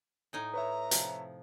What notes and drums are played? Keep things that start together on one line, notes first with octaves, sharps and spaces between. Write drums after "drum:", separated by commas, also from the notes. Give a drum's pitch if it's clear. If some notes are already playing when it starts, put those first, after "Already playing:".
A2 D#4 G#5
B4 C#5 E5 A#5
C3 F3, drum: hi-hat